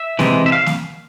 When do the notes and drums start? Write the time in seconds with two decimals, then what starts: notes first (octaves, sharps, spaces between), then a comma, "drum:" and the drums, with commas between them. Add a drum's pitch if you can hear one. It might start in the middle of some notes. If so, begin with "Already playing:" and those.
Already playing: E5
0.19 C3 E3 G#3, drum: snare A#3
0.46 E5
0.52 F5
0.66 drum: snare A#3